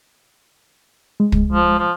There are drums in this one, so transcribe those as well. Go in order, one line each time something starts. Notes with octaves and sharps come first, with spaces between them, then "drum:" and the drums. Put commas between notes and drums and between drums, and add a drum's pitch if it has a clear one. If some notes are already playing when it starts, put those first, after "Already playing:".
G#3
drum: kick
F3
F3